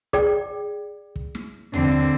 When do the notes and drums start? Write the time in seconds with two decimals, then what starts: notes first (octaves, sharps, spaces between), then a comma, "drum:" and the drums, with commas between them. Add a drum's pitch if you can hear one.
0.13 G#4 D5 G5, drum: kick
1.16 drum: kick
1.35 drum: snare
1.73 D3 C4, drum: tom D#2